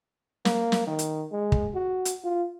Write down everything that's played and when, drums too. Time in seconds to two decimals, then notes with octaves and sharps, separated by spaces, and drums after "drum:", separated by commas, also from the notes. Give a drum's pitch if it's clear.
0.45 A#3, drum: snare
0.72 drum: snare
0.87 D#3
0.99 drum: hi-hat
1.32 G#3
1.52 drum: kick
1.75 F#4
2.05 drum: hi-hat
2.24 F4